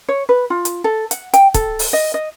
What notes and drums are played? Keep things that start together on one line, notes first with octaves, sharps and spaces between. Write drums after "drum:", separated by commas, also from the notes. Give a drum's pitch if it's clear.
C#5
B4
F4
drum: hi-hat
A4
F#5, drum: hi-hat
G5, drum: hi-hat
A4, drum: kick, hi-hat
drum: open hi-hat
D#5
D#5